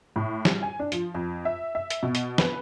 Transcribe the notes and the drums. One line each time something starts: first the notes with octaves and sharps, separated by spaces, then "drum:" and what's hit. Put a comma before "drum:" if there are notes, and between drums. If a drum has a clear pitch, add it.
A2
G3, drum: snare
G#5
D4
F3, drum: hi-hat
F2
E5
E5
drum: hi-hat
B2
drum: hi-hat
B4, drum: snare